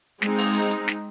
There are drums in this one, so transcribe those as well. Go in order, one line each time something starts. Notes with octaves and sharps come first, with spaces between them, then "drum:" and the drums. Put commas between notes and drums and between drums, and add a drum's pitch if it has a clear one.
G#3 C4 D#4, drum: snare
drum: open hi-hat
drum: hi-hat
drum: hi-hat
drum: snare